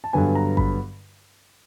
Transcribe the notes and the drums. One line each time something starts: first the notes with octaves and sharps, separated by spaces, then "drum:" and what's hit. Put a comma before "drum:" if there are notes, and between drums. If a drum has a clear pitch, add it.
A5
G2 D3 F#3 B3 G#5
A#5
B5, drum: kick G#1